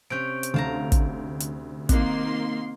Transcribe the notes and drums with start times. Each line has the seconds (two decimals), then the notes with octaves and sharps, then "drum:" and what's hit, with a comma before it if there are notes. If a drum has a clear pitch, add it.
0.10 C3 C#4 G6 D7
0.43 drum: hi-hat
0.54 D2 F5 A5 A#5
0.92 drum: kick, hi-hat
1.40 drum: hi-hat
1.89 D#3 A#3 C4 C6, drum: kick, hi-hat